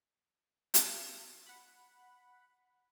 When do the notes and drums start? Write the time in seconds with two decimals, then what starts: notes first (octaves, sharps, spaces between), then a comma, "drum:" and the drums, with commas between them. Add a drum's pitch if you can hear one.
0.74 drum: hi-hat
1.46 F#5 B5